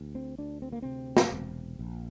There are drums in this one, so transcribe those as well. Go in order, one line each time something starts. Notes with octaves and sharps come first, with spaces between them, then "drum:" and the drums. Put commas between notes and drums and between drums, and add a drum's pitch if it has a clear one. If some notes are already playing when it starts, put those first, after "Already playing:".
Already playing: D2
C4
D2 D4
C4
A#3
C3 C4
drum: snare
E1
A#1